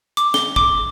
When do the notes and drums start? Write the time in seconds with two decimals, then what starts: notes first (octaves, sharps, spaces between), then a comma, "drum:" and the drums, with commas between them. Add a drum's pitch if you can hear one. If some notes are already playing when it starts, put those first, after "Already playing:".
0.17 D6, drum: hi-hat
0.34 G7, drum: snare
0.56 D6, drum: kick